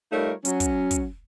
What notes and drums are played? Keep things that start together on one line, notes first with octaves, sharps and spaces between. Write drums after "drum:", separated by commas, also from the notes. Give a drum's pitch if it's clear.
G3 A3 D#4 F4 A#4 C#5
F#3 C#4, drum: hi-hat
drum: kick, hi-hat
drum: kick, hi-hat